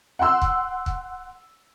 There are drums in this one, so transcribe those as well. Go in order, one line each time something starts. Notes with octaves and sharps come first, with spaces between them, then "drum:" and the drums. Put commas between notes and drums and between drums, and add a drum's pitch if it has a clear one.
F#5 G5 C6 E6
drum: kick
drum: kick